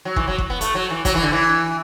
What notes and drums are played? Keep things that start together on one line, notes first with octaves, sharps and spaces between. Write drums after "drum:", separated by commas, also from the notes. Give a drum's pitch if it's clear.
F#3
E3, drum: kick
F#3
drum: kick
B3
A3, drum: hi-hat
F#3
E3
F#3, drum: kick, hi-hat
E3
D3
E3